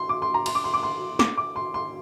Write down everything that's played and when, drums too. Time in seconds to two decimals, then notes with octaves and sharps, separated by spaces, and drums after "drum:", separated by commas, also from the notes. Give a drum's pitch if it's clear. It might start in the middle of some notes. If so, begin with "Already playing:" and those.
Already playing: C6
0.09 D6
0.22 C6
0.34 A#5
0.46 C6, drum: cymbal
0.55 D6
0.64 C6
0.73 D6
0.83 C6
1.19 D6, drum: snare
1.37 D6
1.56 C6
1.74 C6